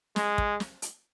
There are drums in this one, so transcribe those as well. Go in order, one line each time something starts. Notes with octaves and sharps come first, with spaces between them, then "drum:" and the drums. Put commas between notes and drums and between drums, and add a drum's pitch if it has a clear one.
G#3, drum: snare
drum: kick
drum: snare
drum: hi-hat